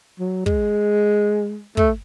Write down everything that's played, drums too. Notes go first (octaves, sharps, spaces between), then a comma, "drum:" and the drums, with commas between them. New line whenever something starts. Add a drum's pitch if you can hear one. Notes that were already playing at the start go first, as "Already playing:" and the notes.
F#3
G#3, drum: kick
A3, drum: kick